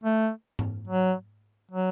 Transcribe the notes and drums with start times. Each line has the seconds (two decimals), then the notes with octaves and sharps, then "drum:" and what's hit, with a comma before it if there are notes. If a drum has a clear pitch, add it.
0.04 A3
0.59 drum: tom G#2
0.88 F#3
1.72 F#3